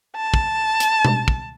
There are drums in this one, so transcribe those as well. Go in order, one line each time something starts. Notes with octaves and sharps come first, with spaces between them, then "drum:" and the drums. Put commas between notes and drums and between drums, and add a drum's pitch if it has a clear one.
A5
drum: kick
drum: hi-hat
drum: tom B2
drum: kick